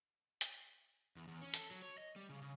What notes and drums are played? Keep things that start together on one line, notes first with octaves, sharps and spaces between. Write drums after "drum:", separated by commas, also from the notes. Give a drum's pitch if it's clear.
drum: hi-hat
E2
E2
C#4
A4, drum: hi-hat
F#3
C#5
D#5
G3
C#3
C#3